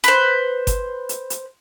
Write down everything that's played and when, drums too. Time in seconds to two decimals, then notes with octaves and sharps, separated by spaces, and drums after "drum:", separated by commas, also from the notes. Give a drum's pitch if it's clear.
0.04 B4 C5, drum: hi-hat
0.67 drum: kick G1, hi-hat
1.09 drum: hi-hat
1.30 drum: hi-hat